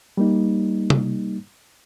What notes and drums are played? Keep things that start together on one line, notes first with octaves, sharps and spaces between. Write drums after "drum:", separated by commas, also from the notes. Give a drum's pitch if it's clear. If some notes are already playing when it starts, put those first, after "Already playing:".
G3 A#3 D#4
drum: tom